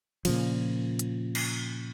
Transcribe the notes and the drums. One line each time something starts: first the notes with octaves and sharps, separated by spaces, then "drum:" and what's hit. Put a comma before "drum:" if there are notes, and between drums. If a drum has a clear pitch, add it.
A#2 C#3 F3, drum: cymbal
drum: hi-hat
drum: cymbal